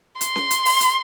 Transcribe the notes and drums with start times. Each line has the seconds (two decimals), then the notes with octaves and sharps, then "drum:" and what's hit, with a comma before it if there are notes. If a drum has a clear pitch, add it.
0.21 C6, drum: hi-hat
0.36 drum: snare C#4
0.51 drum: hi-hat
0.65 drum: open hi-hat
0.80 drum: hi-hat